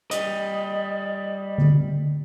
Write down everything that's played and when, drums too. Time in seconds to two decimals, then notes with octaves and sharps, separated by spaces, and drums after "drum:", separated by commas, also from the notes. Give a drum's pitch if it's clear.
0.11 G3 D#5, drum: hi-hat
1.58 drum: tom D3